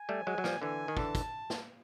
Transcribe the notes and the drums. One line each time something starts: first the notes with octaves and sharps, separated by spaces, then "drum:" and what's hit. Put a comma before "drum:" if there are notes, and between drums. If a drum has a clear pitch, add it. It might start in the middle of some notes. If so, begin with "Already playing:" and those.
Already playing: G#5
G3 A3
F#3 G#3
F#3
F3 G3, drum: snare
D3 E3 G#5
D#3
D3 E3 A5, drum: kick
drum: kick, hi-hat
drum: snare